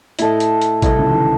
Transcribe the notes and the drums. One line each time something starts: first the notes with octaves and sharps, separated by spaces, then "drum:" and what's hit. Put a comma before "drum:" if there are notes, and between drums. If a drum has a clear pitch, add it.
A2 E4 A4 D#5, drum: hi-hat
drum: hi-hat
drum: hi-hat
C2 C3 E4 A4 D#5, drum: kick, hi-hat
C#2 C#3
D#3
E3